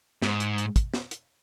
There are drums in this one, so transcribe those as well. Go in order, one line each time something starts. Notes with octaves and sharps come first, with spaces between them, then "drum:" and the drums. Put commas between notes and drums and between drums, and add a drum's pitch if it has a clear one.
G#2, drum: snare
drum: hi-hat
drum: hi-hat
drum: kick, hi-hat
drum: snare
drum: hi-hat